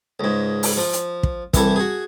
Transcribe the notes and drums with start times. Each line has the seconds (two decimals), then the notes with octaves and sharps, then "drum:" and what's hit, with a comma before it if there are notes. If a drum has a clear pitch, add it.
0.20 C#2 G#2
0.63 drum: open hi-hat
0.77 F3
0.93 drum: hi-hat
1.23 drum: kick
1.54 C2 E3 E4 A4, drum: kick, hi-hat
1.76 F#4 G#4